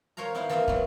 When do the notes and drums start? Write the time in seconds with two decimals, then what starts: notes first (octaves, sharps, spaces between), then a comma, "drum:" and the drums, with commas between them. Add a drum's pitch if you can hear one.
0.17 A#4 C5 C#5 F5 A#5
0.34 B3 D#4 E4 B4 C5 F5
0.49 E3 A#3 F4 A#4 D#5 E5
0.68 F#3 B3, drum: kick